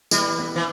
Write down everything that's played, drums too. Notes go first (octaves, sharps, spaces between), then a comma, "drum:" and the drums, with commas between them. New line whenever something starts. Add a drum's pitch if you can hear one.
E3 G3, drum: tambourine
B3
E3